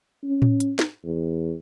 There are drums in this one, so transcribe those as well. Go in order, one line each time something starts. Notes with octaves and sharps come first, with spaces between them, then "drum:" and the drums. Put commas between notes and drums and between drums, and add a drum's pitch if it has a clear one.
C#4
drum: tom A2
drum: hi-hat
drum: snare
E2